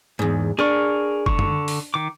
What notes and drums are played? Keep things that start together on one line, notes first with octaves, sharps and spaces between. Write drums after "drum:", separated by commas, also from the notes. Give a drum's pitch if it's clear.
E2 G#2
D4 G#4 A#4 C#6
D3 C#6, drum: kick F#1
drum: tom
drum: open hi-hat
D#3 D6